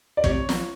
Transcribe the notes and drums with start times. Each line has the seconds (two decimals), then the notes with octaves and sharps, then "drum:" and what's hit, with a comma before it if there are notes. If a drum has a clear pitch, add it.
0.17 D5
0.24 C3 C#5, drum: kick
0.49 drum: snare